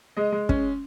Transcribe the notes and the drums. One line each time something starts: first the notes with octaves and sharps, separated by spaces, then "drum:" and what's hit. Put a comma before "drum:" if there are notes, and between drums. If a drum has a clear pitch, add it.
G#3 D#5
G#3
C#4, drum: kick